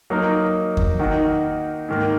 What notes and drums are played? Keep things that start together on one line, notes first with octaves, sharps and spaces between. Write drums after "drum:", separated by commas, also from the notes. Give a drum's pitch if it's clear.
F#3 A#3 D#4 A#4
drum: kick E2
D#3 A#3 D#4 F#4
G#2 D#3 A#3